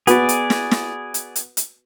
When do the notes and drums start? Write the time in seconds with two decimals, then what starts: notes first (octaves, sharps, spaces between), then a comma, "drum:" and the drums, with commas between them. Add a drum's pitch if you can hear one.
0.07 B3 F#4 G#4 B4 D5, drum: hi-hat
0.29 drum: hi-hat
0.50 drum: snare
0.71 drum: snare
1.14 drum: hi-hat
1.36 drum: hi-hat
1.57 drum: hi-hat